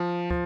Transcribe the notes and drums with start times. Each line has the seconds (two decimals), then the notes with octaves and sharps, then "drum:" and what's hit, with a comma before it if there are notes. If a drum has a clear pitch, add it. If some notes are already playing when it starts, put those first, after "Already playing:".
Already playing: F3
0.30 F3, drum: kick